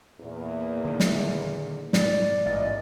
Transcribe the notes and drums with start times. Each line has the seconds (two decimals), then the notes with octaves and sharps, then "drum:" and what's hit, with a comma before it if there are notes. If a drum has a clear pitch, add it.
0.20 E2 A#2 A#3
0.85 D3 D#3
1.00 drum: snare
1.93 G#2 B2 G3 D5, drum: snare
2.46 A1 E2 G#2 D#5